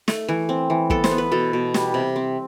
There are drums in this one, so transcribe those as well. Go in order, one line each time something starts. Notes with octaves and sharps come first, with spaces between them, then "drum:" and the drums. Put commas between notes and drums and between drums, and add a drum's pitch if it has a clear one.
A3, drum: snare
E3
C4
E3
B3 A4, drum: kick
C5, drum: snare
B3
B4
B2 A4
B2
G3, drum: snare
C3
C4